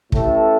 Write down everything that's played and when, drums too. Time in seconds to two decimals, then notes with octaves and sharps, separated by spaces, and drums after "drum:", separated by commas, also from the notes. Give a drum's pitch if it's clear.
0.12 A1 A2 A3 A4, drum: kick